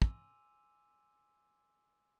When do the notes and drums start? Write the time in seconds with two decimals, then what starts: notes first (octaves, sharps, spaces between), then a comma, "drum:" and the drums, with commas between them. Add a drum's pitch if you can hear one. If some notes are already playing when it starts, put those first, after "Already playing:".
0.02 G#5 C6 D6 E6 D#7 F7, drum: kick